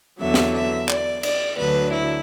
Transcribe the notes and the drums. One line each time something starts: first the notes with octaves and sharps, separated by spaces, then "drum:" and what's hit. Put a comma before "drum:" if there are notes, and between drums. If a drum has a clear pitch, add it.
E2 D3 F#3 E5
drum: snare
E5
D5, drum: clap
D5, drum: cymbal
D2 D3 F#3 D4 B4
E4